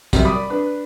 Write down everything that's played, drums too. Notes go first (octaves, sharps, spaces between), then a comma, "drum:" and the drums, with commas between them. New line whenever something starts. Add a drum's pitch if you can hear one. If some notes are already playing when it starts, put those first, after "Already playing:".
F#2 C3 F#3 G3, drum: kick, hi-hat
D5 B5 D6 D#6
D4 B4